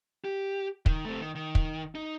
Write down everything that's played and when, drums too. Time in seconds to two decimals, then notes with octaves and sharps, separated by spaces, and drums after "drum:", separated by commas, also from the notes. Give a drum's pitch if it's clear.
0.25 G4
0.86 D#3, drum: kick
1.05 A3 C4
1.21 D#3
1.35 D#3
1.55 drum: kick
1.95 D#4